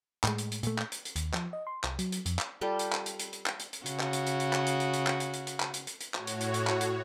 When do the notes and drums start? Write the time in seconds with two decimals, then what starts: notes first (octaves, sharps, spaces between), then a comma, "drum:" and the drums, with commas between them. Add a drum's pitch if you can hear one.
0.24 A2 G#3, drum: clap
0.38 drum: hi-hat
0.52 drum: hi-hat
0.63 A#2 A3, drum: hi-hat
0.78 drum: clap
0.92 drum: hi-hat
1.05 drum: hi-hat
1.16 D#2, drum: hi-hat
1.34 F3, drum: clap
1.53 D#5
1.67 C6
1.84 C2, drum: clap
1.99 F#3, drum: hi-hat
2.12 drum: hi-hat
2.26 F2, drum: hi-hat
2.39 drum: clap
2.61 G3 F4 G4 A4
2.79 drum: hi-hat
2.93 drum: clap
3.06 drum: hi-hat
3.19 drum: hi-hat
3.33 drum: hi-hat
3.46 drum: clap
3.59 drum: hi-hat
3.73 drum: hi-hat
3.86 C#3 F#4, drum: hi-hat
4.00 drum: clap
4.13 drum: hi-hat
4.26 drum: hi-hat
4.40 drum: hi-hat
4.53 drum: clap
4.67 drum: hi-hat
4.80 drum: hi-hat
4.93 drum: hi-hat
5.07 drum: clap
5.20 drum: hi-hat
5.33 drum: hi-hat
5.47 drum: hi-hat
5.60 drum: clap
5.74 drum: hi-hat
5.87 drum: hi-hat
6.00 drum: hi-hat
6.14 A2 F#4 C#5, drum: clap
6.27 drum: hi-hat
6.41 drum: hi-hat
6.54 drum: hi-hat
6.67 drum: clap
6.81 drum: hi-hat